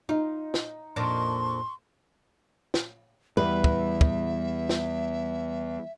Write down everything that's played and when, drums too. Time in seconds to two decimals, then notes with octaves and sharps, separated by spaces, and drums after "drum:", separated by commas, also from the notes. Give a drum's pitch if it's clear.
0.09 D#4 F4
0.54 drum: snare
0.96 F2 A#2 D4 C6 C#6
2.74 drum: snare
3.37 E2 G3 B4 E5
3.64 drum: kick
4.01 drum: kick
4.69 drum: snare